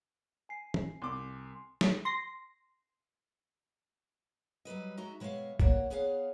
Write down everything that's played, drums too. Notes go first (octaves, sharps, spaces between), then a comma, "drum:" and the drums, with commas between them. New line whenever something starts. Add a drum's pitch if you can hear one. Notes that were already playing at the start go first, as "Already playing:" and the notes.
G#5 C7
drum: tom
C2 C6 D6
drum: snare
C6 A#6
F#3 G3 B4 D#5
G#3 D#4 F#4 D#5 E5 A#5
B2 G#3 C#5 E5 F5
A#3 F#4 C#5 F#5, drum: kick B1
B3 G#4 C#5 D#5 F5 F#5